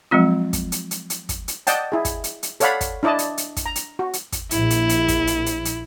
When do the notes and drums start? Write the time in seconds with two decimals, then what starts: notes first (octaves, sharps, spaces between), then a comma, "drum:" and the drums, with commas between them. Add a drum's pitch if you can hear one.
0.11 F3 F#3 G#3 C4 F4
0.53 drum: kick, hi-hat
0.72 drum: hi-hat
0.91 drum: hi-hat
1.10 drum: hi-hat
1.29 drum: kick, hi-hat
1.48 drum: hi-hat
1.67 D5 D#5 F#5 G5 A5, drum: hi-hat
1.92 E4 G#4
2.05 drum: kick, hi-hat
2.24 drum: hi-hat
2.43 drum: hi-hat
2.60 A4 C#5 D5 F5 F#5 B5, drum: hi-hat
2.81 drum: kick, hi-hat
3.03 D4 E4 D5 D#5 A5
3.19 drum: hi-hat
3.38 drum: hi-hat
3.57 drum: kick, hi-hat
3.66 A#5
3.75 drum: hi-hat
3.99 F#4
4.13 drum: hi-hat
4.32 drum: kick, hi-hat
4.51 A#1 E4, drum: hi-hat
4.70 drum: hi-hat
4.89 drum: hi-hat
5.08 drum: kick, hi-hat
5.27 drum: hi-hat
5.46 drum: hi-hat
5.65 drum: hi-hat